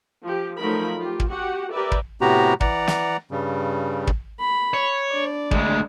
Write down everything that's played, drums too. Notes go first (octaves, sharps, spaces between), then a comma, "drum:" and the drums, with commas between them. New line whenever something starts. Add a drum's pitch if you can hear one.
F3 G4
F3 F#3 A3 D#4 A#4 B5
F4 G4
drum: kick
F#4 G4 F#5
G4 A#4 B4 D5 E5
drum: kick
A2 C3 B3 F#4 G4 A#5
E3 D5 F#5 A#5, drum: kick
drum: snare
G2 C#3 G3
drum: kick
B5
C#5
D4 D5
D2 G#3, drum: kick